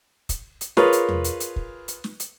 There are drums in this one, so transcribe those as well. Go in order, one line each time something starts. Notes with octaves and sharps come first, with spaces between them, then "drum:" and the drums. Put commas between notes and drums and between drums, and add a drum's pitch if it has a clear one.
drum: kick, hi-hat
drum: hi-hat
F4 G#4 A#4 B4 C#5, drum: snare
drum: hi-hat
drum: tom E2
drum: hi-hat
drum: hi-hat
drum: kick
drum: hi-hat
drum: snare
drum: hi-hat